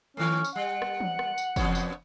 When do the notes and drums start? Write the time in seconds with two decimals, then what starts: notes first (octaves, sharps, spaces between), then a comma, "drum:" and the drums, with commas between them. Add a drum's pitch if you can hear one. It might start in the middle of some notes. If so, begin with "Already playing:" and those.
0.17 D#3 A3 C#4
0.44 drum: tambourine
0.56 G3 F#5
0.82 drum: rim click
1.00 drum: tom E3
1.19 drum: rim click
1.38 drum: tambourine
1.56 E2 B3 C#5, drum: kick, tambourine
1.75 drum: tambourine